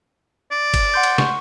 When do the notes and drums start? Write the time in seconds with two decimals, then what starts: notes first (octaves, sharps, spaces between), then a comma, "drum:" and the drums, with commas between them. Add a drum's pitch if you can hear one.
0.51 D5
0.74 drum: kick G1, cymbal
0.94 F#5 C6 G6
1.03 drum: cymbal
1.18 C#6, drum: snare